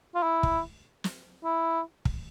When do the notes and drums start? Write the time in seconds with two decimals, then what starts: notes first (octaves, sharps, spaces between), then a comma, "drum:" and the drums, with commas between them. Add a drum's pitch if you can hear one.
0.15 F4
0.23 E4
0.43 drum: kick
1.04 drum: snare
1.44 E4
2.05 drum: kick